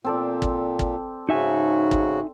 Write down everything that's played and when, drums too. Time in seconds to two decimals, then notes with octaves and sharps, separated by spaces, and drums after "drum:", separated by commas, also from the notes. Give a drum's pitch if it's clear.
0.04 A#2 C4 A4 D5
0.42 drum: kick
0.79 drum: kick
1.29 G#2 C#3 D#4 F#4 E5 G#5
1.91 drum: kick